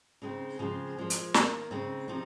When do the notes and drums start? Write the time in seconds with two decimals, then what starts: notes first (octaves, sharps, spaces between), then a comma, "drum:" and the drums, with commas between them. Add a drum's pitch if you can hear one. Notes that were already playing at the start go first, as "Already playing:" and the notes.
0.22 C#3 G#3 C4 D#4
0.59 C#3 F3 G#3 C4
0.97 A#2 F3 G#3
1.10 drum: hi-hat
1.34 D#3 A#3 D#4, drum: snare
1.71 C#3 G#3 C4 D#4
2.08 C3 F3 C4 D#4